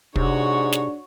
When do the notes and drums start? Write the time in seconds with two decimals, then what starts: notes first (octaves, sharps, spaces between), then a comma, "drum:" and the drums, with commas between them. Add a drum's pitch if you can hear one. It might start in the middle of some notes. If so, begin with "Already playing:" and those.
0.16 G#2 C3 D4 F#4 C#5, drum: kick
0.72 drum: snare